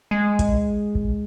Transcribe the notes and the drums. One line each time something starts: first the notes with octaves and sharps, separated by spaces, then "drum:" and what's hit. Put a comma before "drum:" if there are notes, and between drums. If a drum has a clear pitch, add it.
G#3
drum: kick A#1, hi-hat
drum: kick A#1